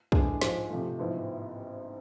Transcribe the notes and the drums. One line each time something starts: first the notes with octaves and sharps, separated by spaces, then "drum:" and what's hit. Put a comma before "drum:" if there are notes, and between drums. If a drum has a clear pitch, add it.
A2 E3 G#3 D4 G#4, drum: kick
G#2 F3 G#3, drum: snare
C3 F3 A3
A1 G#2 F3 B3 E4